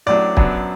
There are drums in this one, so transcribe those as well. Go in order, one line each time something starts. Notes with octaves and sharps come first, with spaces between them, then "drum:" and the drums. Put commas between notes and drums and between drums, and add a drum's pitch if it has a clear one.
A1 A2 F#3 D4 D5
F#2 F#3 B3 D4, drum: kick